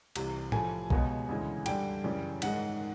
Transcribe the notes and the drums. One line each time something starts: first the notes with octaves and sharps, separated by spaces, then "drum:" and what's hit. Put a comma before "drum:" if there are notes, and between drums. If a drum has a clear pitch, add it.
C2 C3 E3, drum: cymbal
A2 F3 A3 G#5, drum: tom A2
C#2 B2 G#3 B3, drum: kick B1
D2 C#3 E3 G#3
G2 D3 G3 G5, drum: cymbal
F#2 C#3 E3 G3
G#2 D#3 G#3 F#5, drum: cymbal